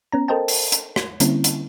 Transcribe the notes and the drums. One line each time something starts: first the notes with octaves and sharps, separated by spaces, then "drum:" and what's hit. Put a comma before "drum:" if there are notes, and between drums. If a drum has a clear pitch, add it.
B3 C#4 A#5
A4 A#4 C5 D#5 G5 A5
drum: open hi-hat
drum: hi-hat
drum: rim click
D3 G3 A#3 C4 C#4 E4, drum: hi-hat
drum: hi-hat